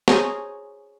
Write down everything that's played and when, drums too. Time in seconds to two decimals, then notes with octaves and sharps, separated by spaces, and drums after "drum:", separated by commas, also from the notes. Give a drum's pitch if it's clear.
0.08 G#4 C5 C#5 G#5 A#5, drum: snare